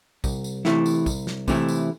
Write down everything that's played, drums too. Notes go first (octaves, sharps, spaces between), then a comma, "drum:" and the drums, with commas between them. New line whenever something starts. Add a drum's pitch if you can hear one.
C2, drum: kick, tambourine
drum: tambourine
C3 E3 A3 E4, drum: snare
drum: tambourine
C2, drum: kick, tambourine
drum: snare
C3 E3 A3 E4, drum: kick, tambourine
drum: tambourine